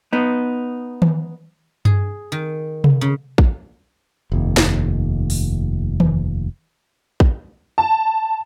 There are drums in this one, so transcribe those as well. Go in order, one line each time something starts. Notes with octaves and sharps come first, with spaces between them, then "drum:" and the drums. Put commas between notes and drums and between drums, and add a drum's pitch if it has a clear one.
B3 D#4
drum: tom D#3
G#4, drum: tom G2
D#3
drum: tom C3
C#3
drum: kick
F1 D#2
drum: snare
drum: open hi-hat
drum: tom D#3
drum: kick
A5